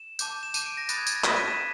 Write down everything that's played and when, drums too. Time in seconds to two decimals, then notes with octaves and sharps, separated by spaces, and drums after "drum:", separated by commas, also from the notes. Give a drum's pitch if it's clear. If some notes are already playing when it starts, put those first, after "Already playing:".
Already playing: E7
0.19 A5 D6 G6, drum: tambourine
0.43 E7
0.54 A5 D6 G6 D#7, drum: tambourine
0.66 D7
0.77 A#6
0.89 B5 D#6 F#6 A6, drum: tambourine
0.98 G#6
1.07 A6, drum: tambourine
1.16 A#6
1.24 B5 D#6 F#6 B6, drum: clap
1.36 D#7
1.48 E7